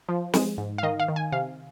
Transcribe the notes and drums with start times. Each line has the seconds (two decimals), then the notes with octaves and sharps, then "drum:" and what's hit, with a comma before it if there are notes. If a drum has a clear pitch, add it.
0.09 F3
0.33 G#3, drum: snare
0.58 G#2
0.78 F5
0.83 D#3 D#5
1.00 F5
1.08 D#3
1.16 G#5
1.32 C3 F5